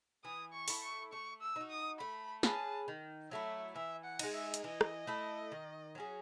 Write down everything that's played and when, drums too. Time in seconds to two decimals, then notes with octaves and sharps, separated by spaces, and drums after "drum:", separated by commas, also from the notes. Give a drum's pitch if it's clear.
0.24 E3 D#6
0.53 C#6
0.68 A3 E4 A4, drum: open hi-hat
0.82 C#6
1.12 A3 C#6
1.41 E6
1.56 D#4 F#4
1.70 D#6
2.00 A3 B5
2.43 C#4 G#4 B4 A5, drum: snare
2.88 D#3
3.31 F#3 A3 E4 E5
3.75 E3 E5
4.05 F#5
4.19 G#3 D#4, drum: cymbal
4.34 E5
4.54 drum: hi-hat
4.64 E3 D#5
4.81 drum: rim click
5.07 A3 E4 A4
5.52 D#3
5.95 F#3 C#4 G#4